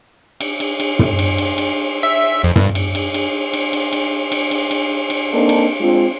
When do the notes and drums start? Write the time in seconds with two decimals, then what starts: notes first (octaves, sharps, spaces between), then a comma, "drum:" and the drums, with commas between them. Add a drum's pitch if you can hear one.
0.41 drum: cymbal
0.60 drum: cymbal
0.80 drum: cymbal
0.99 drum: tom
1.19 drum: cymbal
1.38 drum: cymbal
1.58 drum: cymbal
2.03 E5
2.44 F2
2.56 G2, drum: tom
2.75 drum: cymbal
2.95 drum: cymbal
3.14 drum: cymbal
3.53 drum: cymbal
3.73 drum: cymbal
3.93 drum: cymbal
4.32 drum: cymbal
4.51 drum: cymbal
4.71 drum: cymbal
5.10 drum: cymbal
5.33 A#3 C4 D4 D#4 A4
5.49 drum: cymbal
5.81 G#3 C4 D4 F4